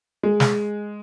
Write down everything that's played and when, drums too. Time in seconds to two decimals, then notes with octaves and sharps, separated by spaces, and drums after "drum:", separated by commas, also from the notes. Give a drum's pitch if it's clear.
0.23 G#3
0.40 drum: snare